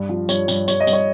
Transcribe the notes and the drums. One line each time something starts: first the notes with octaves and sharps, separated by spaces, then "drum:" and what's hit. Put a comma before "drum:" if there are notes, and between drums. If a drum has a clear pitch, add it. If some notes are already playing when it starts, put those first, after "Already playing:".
Already playing: G2
F3
G2 C#5, drum: tambourine
G2, drum: tambourine
G2 C#5, drum: tambourine
D#5
G2, drum: tambourine
C#5